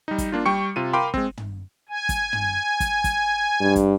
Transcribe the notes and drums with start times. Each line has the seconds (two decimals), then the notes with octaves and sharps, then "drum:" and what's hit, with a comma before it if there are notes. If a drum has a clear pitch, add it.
0.08 G3 D#4
0.18 drum: kick, hi-hat
0.32 A#3 D4 F4
0.45 G3 G5 C#6 C#7
0.76 C3 F4 D#7
0.93 A#4 F5 G5 B5 C6 D6
1.14 G#3 C4, drum: kick
1.37 drum: tom
1.89 G#5
2.09 drum: kick, hi-hat
2.33 drum: tom
2.80 drum: kick, hi-hat
3.04 drum: kick, hi-hat
3.61 G2
3.76 drum: kick, hi-hat